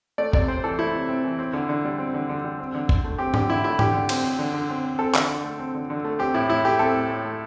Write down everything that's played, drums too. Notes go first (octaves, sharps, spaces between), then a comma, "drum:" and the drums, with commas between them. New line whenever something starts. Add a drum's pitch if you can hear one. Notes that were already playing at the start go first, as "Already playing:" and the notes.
A3 D5
C3 D5, drum: kick
C4 C5
E3 A4
A3 E4
C3
C4
E3
C4
D3
D3
G3
C4
D3
D3
G3
C4
D3
D3, drum: kick
A3
C4 G4
D3 G4, drum: tom G#2
D3 E4
A3 E4
D3 G4, drum: tom G#2
D3
C4, drum: cymbal
C4
D3
D3
C4
C4
C4 A4
D3, drum: clap
D3
A3
C4
D3
D3
A3
C4 G4
A2 E4
A2 E4
A3 G4
C4 A4
A2
A2
A3